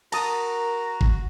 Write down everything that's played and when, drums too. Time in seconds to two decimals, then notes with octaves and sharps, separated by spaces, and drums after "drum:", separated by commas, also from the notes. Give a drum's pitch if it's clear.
0.12 F#4 A#4 A5 A#5 D#6, drum: cymbal
1.01 drum: kick